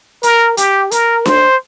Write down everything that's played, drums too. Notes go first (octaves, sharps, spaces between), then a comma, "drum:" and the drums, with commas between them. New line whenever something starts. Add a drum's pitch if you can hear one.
A#4, drum: hi-hat
G4, drum: hi-hat
A#4, drum: hi-hat
C5, drum: snare D4